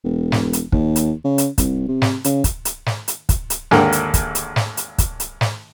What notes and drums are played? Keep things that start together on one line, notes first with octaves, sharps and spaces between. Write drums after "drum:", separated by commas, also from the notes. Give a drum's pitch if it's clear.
E1
drum: snare
drum: hi-hat
D#2, drum: kick
drum: hi-hat
C#3
drum: hi-hat
C2, drum: kick, hi-hat
C3
drum: snare
C#3, drum: hi-hat
drum: kick, hi-hat
drum: hi-hat
drum: snare
drum: hi-hat
drum: kick, hi-hat
drum: hi-hat
G#1 D#2 D3 A#4 F#5 G5, drum: snare
drum: hi-hat
drum: kick, hi-hat
drum: hi-hat
drum: snare
drum: hi-hat
drum: kick, hi-hat
drum: hi-hat
drum: snare